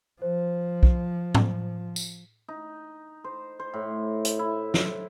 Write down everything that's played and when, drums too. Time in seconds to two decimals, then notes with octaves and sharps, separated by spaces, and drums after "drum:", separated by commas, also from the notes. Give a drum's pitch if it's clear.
0.22 F3 C5
0.83 drum: kick B1
1.35 drum: tom A2
1.96 drum: tambourine
2.48 D#4
3.24 C5
3.59 C5
3.74 A2
4.25 drum: hi-hat
4.39 E4
4.74 drum: snare